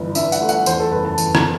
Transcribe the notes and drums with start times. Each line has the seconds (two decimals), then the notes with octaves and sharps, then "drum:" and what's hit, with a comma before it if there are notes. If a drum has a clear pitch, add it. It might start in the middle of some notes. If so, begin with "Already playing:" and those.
Already playing: G1 E3
0.15 G2 E5, drum: tambourine
0.32 F#5, drum: tambourine
0.41 A3
0.49 F#5, drum: tambourine
0.66 E2 C5, drum: tambourine
0.80 A4
0.92 F#1 B4
1.05 A5
1.18 E2, drum: tambourine
1.35 drum: rim click